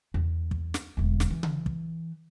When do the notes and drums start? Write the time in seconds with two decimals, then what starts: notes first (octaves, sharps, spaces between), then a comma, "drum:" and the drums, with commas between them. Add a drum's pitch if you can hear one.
0.14 E2
0.51 drum: kick
0.74 drum: snare
0.97 E1 D2
1.20 drum: snare
1.30 E3
1.43 drum: tom C#3
1.66 drum: kick